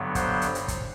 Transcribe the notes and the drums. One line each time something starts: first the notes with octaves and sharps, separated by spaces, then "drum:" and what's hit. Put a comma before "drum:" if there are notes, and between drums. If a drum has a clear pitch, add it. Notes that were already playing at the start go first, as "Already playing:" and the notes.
Already playing: G2 D3 F#3 B3
C5, drum: kick, hi-hat
drum: hi-hat
drum: hi-hat
drum: kick, hi-hat